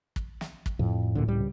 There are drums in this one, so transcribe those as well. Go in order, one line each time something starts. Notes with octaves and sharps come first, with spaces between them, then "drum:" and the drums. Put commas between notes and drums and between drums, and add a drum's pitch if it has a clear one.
drum: kick
drum: snare
drum: kick
F2 A2
D2 A#2 D3
C#2 G3